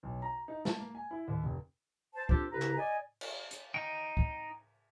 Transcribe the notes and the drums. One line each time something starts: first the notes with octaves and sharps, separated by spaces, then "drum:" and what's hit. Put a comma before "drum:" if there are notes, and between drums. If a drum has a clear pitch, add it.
B1
A#5
D#4
A5, drum: snare
A#3
G#5
E4
D#2
F1
C5 A5
C4 D4 F4 G4 A4 C5, drum: kick
C2 C#3 E4 B4 A#5
drum: clap
D5 D#5 G#5
drum: cymbal
drum: hi-hat
D#4 G5
drum: kick